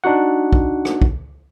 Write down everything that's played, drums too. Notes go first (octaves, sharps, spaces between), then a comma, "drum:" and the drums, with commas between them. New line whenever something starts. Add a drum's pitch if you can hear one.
D4 D#4 F#4 F#5
drum: kick
drum: rim click
drum: kick